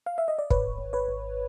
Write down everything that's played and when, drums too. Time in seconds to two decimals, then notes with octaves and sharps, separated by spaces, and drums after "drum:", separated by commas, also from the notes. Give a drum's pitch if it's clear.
0.06 F5
0.18 E5
0.28 D#5
0.39 D5
0.50 G#1 B4 C#5, drum: kick
0.78 G#1
0.93 B4 C#5
1.08 G#1